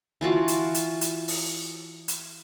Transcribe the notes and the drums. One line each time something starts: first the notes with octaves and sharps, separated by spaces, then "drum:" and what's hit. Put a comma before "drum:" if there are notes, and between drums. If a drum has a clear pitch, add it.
E3 F4 F#4 A5
drum: hi-hat
drum: hi-hat
drum: hi-hat
drum: open hi-hat
drum: hi-hat